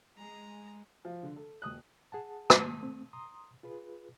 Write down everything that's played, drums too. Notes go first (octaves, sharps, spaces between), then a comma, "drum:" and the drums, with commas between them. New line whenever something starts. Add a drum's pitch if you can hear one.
G#3 A#5
F3
D3
A4
D#1 D#6 F#6
G#4 F#5 A5
drum: rim click
A3 C4
A#5 C6 D#6
F4 G#4 B4